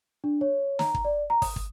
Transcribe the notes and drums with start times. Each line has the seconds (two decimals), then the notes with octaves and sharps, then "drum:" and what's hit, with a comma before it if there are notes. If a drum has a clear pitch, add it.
0.24 D4
0.41 C#5
0.79 A#5, drum: snare
0.94 drum: kick
1.05 D5
1.30 A#5
1.42 D#6, drum: kick, open hi-hat
1.56 drum: kick